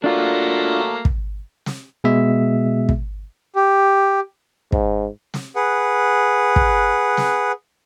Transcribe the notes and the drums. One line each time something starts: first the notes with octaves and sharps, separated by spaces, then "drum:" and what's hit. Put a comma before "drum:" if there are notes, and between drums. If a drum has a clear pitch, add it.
F#3 A3 A#3 D4 F4
drum: kick
drum: snare
B2 G#3 B3 G#4 E5
drum: kick
G4
G#2, drum: kick
drum: snare
G#4 B4 F#5
drum: kick
drum: snare